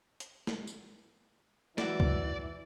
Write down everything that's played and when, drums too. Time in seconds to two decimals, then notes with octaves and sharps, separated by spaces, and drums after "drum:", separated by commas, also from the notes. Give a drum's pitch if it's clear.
0.20 drum: hi-hat
0.47 drum: snare
0.67 drum: tambourine
1.78 E3 F#3 E4 F#4 D5, drum: snare
2.00 drum: kick C#2